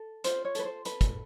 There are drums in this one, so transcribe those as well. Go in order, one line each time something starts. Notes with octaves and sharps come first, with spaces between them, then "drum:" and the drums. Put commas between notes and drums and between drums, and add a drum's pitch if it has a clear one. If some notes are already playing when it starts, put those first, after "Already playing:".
Already playing: A4
F4 C5, drum: hi-hat
C#5
A4 B4, drum: hi-hat
C5
A4 B4, drum: hi-hat
drum: kick, hi-hat